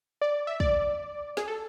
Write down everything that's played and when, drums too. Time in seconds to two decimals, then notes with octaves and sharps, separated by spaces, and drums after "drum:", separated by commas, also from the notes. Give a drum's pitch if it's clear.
0.22 D5
0.47 E5
0.60 D5, drum: kick
1.37 G#4, drum: snare
1.48 A4